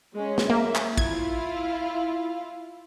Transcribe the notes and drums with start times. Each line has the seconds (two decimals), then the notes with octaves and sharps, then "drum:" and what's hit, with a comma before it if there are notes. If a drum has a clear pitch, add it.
0.16 G#3 C#4
0.38 drum: snare
0.50 A#3 E5
0.75 drum: clap
0.97 E4 F4 F5 G#6, drum: kick A1